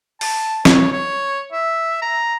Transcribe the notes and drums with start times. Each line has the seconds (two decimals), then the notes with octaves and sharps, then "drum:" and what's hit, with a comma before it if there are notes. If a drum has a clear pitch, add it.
0.21 A5, drum: open hi-hat
0.65 C#5, drum: snare
0.92 C#5
1.53 E5
2.02 A#5